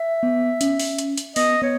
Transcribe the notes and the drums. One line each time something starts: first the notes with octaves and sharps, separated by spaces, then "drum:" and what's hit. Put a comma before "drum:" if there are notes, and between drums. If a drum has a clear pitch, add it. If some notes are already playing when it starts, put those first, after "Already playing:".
Already playing: E5
B3
C#4, drum: hi-hat
drum: open hi-hat
drum: hi-hat
drum: hi-hat
B3 D#5, drum: open hi-hat
B3 C#5